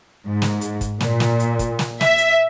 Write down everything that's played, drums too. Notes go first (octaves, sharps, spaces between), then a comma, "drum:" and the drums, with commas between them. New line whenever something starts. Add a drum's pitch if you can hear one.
G#2
drum: snare
drum: hi-hat
drum: kick, hi-hat
A#2, drum: snare
drum: snare
drum: hi-hat
drum: kick, hi-hat
drum: snare
E5, drum: snare
drum: hi-hat